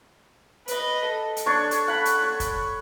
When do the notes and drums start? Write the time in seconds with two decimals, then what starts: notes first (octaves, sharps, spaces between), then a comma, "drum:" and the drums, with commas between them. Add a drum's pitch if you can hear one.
0.68 B4 D#5, drum: hi-hat
1.08 A4
1.37 drum: hi-hat
1.46 D4 C#5
1.71 drum: hi-hat
1.88 F#5 B5
2.05 drum: hi-hat
2.22 C#5
2.40 drum: kick, hi-hat